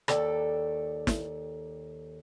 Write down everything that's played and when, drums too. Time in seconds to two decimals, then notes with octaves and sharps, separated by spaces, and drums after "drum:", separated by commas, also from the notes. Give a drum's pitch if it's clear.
0.08 D#2 A4 D5 G5, drum: rim click
1.07 drum: snare